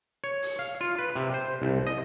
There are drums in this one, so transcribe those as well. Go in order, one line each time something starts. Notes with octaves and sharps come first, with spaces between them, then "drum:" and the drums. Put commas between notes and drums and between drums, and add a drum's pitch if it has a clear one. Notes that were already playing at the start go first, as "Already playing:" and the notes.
C#5
drum: open hi-hat
F5
F4
B4
C3
C5
C2
D#5